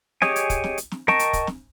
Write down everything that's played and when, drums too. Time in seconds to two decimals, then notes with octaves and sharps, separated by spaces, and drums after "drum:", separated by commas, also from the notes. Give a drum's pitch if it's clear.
0.22 G4 G#4 C#5 D#5 G#5, drum: snare
0.36 drum: hi-hat
0.50 drum: kick, hi-hat
0.64 drum: snare
0.78 drum: hi-hat
0.92 drum: snare
1.08 A#4 D#5 G5 A5 C#6, drum: snare
1.19 drum: hi-hat
1.33 drum: kick, hi-hat
1.47 drum: snare